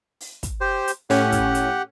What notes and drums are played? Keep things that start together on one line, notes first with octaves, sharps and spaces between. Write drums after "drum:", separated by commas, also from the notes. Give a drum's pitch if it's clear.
drum: open hi-hat
drum: kick, hi-hat
G4 C5
drum: hi-hat
A2 C#4 G4 F#5, drum: open hi-hat
drum: kick, hi-hat
drum: hi-hat